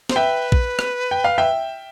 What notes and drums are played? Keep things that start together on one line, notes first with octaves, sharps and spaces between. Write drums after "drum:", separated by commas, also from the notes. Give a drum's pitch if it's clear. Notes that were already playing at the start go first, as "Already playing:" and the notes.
C5, drum: snare
B4 E5 G5
drum: kick A#1
drum: rim click
G5
F5
E5 G5